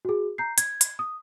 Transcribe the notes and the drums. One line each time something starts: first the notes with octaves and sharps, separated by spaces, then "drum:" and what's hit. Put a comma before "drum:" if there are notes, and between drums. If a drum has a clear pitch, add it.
F#4 G#4
A#5 G6 C7
G#6, drum: hi-hat
drum: hi-hat
D#6